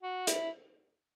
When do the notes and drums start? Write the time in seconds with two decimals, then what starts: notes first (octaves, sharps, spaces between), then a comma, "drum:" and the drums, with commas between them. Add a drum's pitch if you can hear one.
0.02 F#4
0.27 E4, drum: hi-hat